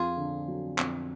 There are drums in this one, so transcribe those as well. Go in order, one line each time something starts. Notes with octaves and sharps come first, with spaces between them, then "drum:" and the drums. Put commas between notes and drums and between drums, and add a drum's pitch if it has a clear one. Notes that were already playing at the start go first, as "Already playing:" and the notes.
Already playing: F2 F4 G#4
D3
F#3
F2, drum: clap